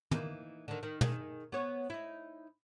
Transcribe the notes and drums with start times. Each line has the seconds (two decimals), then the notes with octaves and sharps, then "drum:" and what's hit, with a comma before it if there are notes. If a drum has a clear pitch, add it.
0.11 E3 A#3 D#4, drum: tom
0.68 D3 D#3
0.83 D#3
1.01 D#3 G#4, drum: tom
1.52 B3 C#5
1.90 D#4 E4